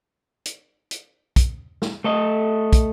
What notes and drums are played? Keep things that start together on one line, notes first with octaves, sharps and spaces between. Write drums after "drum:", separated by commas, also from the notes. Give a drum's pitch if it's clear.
drum: hi-hat
drum: hi-hat
drum: kick, hi-hat
drum: snare
A3 A4 D#5
drum: kick, hi-hat